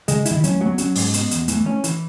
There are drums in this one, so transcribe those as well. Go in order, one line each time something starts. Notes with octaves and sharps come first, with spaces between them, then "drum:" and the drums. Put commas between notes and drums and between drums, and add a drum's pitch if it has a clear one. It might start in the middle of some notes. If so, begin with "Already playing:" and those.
C#3 G#3, drum: hi-hat
E4, drum: hi-hat
D#3
F#3 C#4, drum: hi-hat
A3
F#3
B3
F#3 C#4, drum: hi-hat
G#2, drum: open hi-hat
B2, drum: hi-hat
E2, drum: hi-hat
E3 A3, drum: hi-hat
A3
C#4
E3, drum: hi-hat